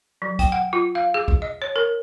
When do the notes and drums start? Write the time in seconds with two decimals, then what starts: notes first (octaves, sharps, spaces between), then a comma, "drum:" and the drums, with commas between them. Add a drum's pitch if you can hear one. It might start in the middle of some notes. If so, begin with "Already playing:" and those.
0.22 F#3
0.39 G5, drum: kick, hi-hat
0.52 F#5
0.73 F4
0.95 F5
1.14 G#4
1.28 drum: kick
1.42 D#5
1.62 C#5
1.76 A#4